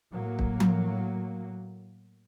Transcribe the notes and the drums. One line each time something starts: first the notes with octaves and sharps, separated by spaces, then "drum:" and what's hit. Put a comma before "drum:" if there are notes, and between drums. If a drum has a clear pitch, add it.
A2 F#3 A#3
drum: kick
drum: tom F3